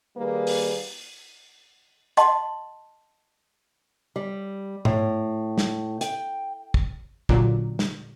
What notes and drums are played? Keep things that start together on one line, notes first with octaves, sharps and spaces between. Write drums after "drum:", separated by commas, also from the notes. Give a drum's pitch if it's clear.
D#3 G3 A#3 G#4 B4
drum: open hi-hat
D#5 F#5 A5 C6, drum: hi-hat
G3
A2, drum: tom G#2
drum: snare
G5, drum: hi-hat
drum: kick
A1 A#2 D3 F#3, drum: kick
drum: snare